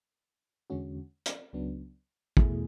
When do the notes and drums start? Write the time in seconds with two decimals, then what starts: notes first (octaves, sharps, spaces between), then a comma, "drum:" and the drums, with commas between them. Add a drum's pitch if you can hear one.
0.70 E2 D3 G#3 C#4 F#4
1.26 drum: hi-hat
1.53 C#2 C#3 F#3 B3 D4
2.37 E2 B2 A3 E4 G#4, drum: kick